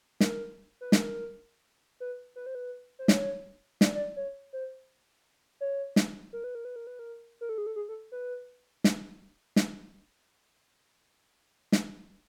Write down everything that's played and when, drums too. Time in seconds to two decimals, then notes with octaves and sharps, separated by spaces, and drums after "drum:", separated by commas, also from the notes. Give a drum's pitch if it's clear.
0.20 A#4, drum: snare
0.81 B4
0.92 A#4, drum: snare
2.00 B4
2.36 B4
2.46 C5
2.55 B4
2.99 C5
3.08 C#5, drum: snare
3.81 D5, drum: snare
3.95 D5
4.16 C#5
4.53 C5
5.61 C#5
5.96 drum: snare
6.33 A#4
6.44 B4
6.55 A#4
6.65 B4
6.76 A#4
6.87 B4
6.99 A#4
7.41 A#4
7.49 A4
7.58 G#4
7.67 A4
7.76 G#4
7.89 A4
8.12 B4
8.84 drum: snare
9.56 drum: snare
11.72 drum: snare